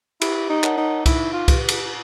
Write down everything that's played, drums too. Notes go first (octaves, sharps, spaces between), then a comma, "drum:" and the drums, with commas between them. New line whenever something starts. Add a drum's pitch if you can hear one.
E4 G4, drum: cymbal
D#4
A#4 C#5 F#5 A5, drum: clap
D#4
D#4 E4, drum: kick, cymbal
F4
G4 B4, drum: kick, cymbal
drum: cymbal